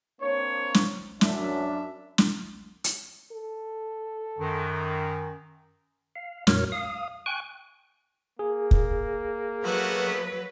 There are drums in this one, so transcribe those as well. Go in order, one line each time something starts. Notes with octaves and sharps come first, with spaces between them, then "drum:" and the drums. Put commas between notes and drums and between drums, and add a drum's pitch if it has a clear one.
A#3 C4 D4 C#5
drum: snare
F#2 D4 E5, drum: snare
drum: snare
drum: hi-hat
A4
F#2 D#3
F5
F2 A#2 F#4 A#4 C#5 F6, drum: snare
F5 D#6
G5 G#5 C#6 F#6
A#3 G#4
drum: kick
F#3 A3 B3 F#4 B4